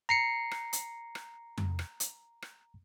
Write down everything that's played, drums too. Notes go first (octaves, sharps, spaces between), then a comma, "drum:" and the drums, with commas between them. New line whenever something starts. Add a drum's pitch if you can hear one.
A#5 C7 C#7
drum: rim click
drum: hi-hat
drum: rim click
drum: tom F2
drum: rim click
drum: hi-hat
drum: rim click